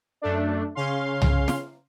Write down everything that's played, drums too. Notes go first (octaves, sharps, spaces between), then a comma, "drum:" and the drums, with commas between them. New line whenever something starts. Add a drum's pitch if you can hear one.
F#2 A3 D4
C#3 C#4 F5 C6
drum: tom C2
drum: snare